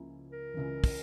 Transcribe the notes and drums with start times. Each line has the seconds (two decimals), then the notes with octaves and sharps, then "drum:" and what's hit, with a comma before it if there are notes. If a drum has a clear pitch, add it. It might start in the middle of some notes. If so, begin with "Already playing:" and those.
Already playing: C#2 C#3 F3 A#3 E4
0.32 A#4
0.54 C#2 C#3 E3
0.84 drum: kick, open hi-hat